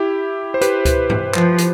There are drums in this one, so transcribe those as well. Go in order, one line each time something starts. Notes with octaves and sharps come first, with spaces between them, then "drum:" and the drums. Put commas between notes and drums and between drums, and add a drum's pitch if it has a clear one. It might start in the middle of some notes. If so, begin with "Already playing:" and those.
Already playing: E4 G4
C5
G4 B4, drum: hi-hat
drum: kick C#2, hi-hat
drum: tom G2
F3, drum: clap
drum: hi-hat